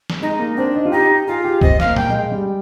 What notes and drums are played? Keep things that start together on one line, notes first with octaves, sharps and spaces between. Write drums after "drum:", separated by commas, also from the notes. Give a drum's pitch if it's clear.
drum: snare
G#3 D#4
A#3
C4 D4
D#4
F4
D#4 G4
G4
F4 G#4
G4
C4 D#5, drum: kick
F5, drum: snare
A#3
G5, drum: tom
G#3
G3